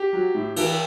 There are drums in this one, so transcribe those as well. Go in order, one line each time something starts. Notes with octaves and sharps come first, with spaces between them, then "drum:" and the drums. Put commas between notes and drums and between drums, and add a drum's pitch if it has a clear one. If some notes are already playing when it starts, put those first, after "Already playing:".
Already playing: G4
F#3
A2
E3, drum: cymbal